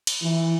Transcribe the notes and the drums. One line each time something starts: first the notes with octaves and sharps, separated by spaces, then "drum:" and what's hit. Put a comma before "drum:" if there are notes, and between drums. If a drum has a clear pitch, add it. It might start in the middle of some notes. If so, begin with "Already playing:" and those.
drum: cymbal
E3